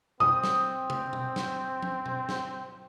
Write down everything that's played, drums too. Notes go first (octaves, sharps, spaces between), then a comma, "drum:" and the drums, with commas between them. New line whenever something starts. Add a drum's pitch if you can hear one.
C4 D#6, drum: tom B2
drum: snare
drum: tom C3
drum: tom B2
drum: snare
drum: tom F3
drum: tom B2
drum: snare